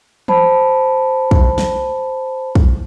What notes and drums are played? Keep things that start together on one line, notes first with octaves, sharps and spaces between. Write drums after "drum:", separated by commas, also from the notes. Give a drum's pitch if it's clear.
C5 A5 B5, drum: tom E3
drum: kick
drum: snare
drum: kick